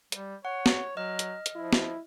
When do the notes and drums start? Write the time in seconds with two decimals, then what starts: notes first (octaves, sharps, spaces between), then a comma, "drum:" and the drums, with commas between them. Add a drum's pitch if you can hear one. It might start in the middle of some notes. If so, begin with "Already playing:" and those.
0.12 G3, drum: hi-hat
0.45 C#5 F#5
0.66 drum: snare
0.97 F#3 D#5 F6
1.19 drum: hi-hat
1.46 drum: hi-hat
1.55 F3 E4
1.73 drum: snare